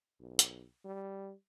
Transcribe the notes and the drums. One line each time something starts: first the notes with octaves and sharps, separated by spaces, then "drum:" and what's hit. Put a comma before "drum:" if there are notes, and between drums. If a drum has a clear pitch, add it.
B1
drum: hi-hat
G3